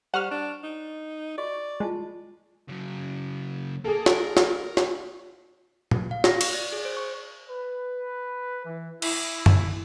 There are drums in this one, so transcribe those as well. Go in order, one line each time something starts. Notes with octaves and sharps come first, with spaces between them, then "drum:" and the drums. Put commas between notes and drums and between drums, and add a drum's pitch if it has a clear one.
G3 C5 F#5 A#5 C#6 F6
D4
D#4
F#4 D5 D#5 C#6
G#3 E4 F4 A5
C#3 F#3
A#3 G#4 A4
A#4, drum: snare
drum: snare
drum: snare
drum: tom A#2
F5
A#6, drum: snare
C#6, drum: cymbal
D5
G#4
C5
C#6
B4
E3
E4, drum: cymbal
drum: tom F#2